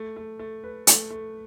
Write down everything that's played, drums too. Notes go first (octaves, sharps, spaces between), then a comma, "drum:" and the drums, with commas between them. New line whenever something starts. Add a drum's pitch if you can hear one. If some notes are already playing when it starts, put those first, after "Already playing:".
Already playing: A3
A3
A3
B4
A3, drum: hi-hat
A3